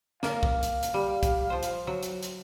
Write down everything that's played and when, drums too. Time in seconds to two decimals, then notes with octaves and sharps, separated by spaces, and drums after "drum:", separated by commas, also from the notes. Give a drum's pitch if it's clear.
0.23 A#3 A#4 F5, drum: snare
0.43 drum: kick
0.63 drum: hi-hat
0.83 drum: hi-hat
0.94 G3
1.23 drum: kick, hi-hat
1.50 F3 C5
1.63 drum: hi-hat
1.87 F#3
2.03 drum: hi-hat
2.23 drum: hi-hat